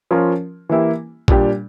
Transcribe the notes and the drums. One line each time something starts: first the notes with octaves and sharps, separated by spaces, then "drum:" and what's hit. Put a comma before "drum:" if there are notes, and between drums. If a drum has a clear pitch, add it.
F3 C#4 F4 A#4
E3 A#3 E4 G4
A#2 G3 D4 G4, drum: kick